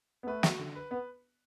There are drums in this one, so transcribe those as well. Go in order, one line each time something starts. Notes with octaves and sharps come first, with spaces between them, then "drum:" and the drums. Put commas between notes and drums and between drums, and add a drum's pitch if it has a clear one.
B3
A3 B4
F#4, drum: snare
D3
B4
B3 B4